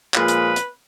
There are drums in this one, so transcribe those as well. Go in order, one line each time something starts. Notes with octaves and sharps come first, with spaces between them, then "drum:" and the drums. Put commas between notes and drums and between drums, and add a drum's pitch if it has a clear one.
A#2 F3 G#3 B4, drum: clap
drum: hi-hat
drum: hi-hat